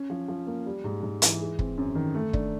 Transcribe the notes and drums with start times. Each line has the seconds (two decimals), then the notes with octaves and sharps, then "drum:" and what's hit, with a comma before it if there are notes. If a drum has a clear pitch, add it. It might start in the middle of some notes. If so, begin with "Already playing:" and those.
Already playing: C#4
0.10 F3
0.28 F3
0.47 A#3
0.66 G3
0.84 G#2
1.03 G#2
1.22 E3, drum: hi-hat
1.40 G#3
1.59 C4, drum: kick
1.78 F#2
1.95 D#3
2.15 A3
2.33 D4, drum: kick